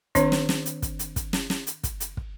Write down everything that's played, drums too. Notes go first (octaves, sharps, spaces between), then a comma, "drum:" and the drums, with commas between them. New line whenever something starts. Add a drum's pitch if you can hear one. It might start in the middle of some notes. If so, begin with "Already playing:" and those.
D#3 C4 D4 C#5, drum: kick, hi-hat
drum: snare
drum: snare
drum: hi-hat
drum: kick, hi-hat
drum: hi-hat
drum: kick, hi-hat
drum: snare
drum: snare
drum: hi-hat
drum: kick, hi-hat
drum: hi-hat
drum: kick